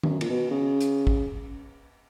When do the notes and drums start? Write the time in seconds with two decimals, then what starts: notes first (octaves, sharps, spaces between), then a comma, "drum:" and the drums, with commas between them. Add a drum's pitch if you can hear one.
0.03 G2, drum: tom D#3
0.09 F#2
0.21 A#2, drum: cymbal
0.30 B2
0.51 C#3
0.81 drum: hi-hat
1.07 drum: kick